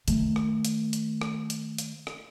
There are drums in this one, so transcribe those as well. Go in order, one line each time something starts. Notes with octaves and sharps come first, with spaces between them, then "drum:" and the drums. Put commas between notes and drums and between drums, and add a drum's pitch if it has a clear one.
D#3 A3, drum: hi-hat
drum: rim click
drum: hi-hat
drum: hi-hat
drum: rim click
drum: hi-hat
drum: hi-hat
drum: rim click